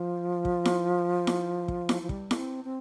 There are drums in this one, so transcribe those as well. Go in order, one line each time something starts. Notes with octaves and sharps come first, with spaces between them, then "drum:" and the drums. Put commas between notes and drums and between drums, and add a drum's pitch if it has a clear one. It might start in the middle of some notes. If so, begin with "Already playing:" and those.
Already playing: F3
drum: kick
drum: snare E4
drum: snare E4
drum: kick
drum: snare E4
F3
G3, drum: kick
A#3, drum: snare E4
C4
C4